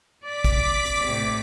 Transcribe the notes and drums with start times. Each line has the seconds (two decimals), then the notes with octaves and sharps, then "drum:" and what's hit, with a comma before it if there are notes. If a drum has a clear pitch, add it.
0.24 D5 D6 B6
0.44 drum: kick, hi-hat
0.85 drum: hi-hat
1.05 A2 C3